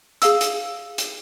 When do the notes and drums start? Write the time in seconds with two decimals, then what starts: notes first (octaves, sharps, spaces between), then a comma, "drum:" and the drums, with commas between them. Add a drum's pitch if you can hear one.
0.22 G#4 F5 E6, drum: hi-hat
0.41 drum: hi-hat
0.98 drum: hi-hat